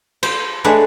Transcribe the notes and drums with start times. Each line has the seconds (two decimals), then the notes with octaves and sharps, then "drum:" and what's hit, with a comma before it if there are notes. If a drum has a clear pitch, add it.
0.23 C5, drum: cymbal
0.64 G#3 A3 D4 B4 C#5 F#5